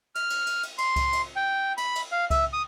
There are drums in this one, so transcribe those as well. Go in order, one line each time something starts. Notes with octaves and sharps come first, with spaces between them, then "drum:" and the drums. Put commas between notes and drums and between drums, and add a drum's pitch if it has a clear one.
F6, drum: cymbal
drum: cymbal
drum: cymbal
drum: cymbal
C6, drum: cymbal
drum: kick C2, cymbal
drum: cymbal
G5
B5, drum: cymbal
drum: cymbal
F5
E5, drum: kick C2, cymbal
D#6